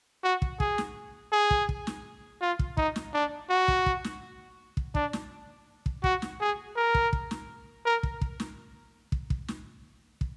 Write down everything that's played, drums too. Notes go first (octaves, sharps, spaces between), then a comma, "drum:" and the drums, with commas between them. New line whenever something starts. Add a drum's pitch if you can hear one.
F#4
drum: kick
G#4, drum: kick
drum: snare
G#4
drum: kick
drum: kick
drum: snare
F4
drum: kick
D#4, drum: kick
drum: snare
D4
F#4
drum: kick
drum: kick
drum: snare
drum: kick
D4, drum: kick
drum: snare
drum: kick
F#4, drum: kick
drum: snare
G#4
A#4
drum: kick
drum: kick
drum: snare
A#4
drum: kick
drum: kick
drum: snare
drum: kick
drum: kick
drum: snare
drum: kick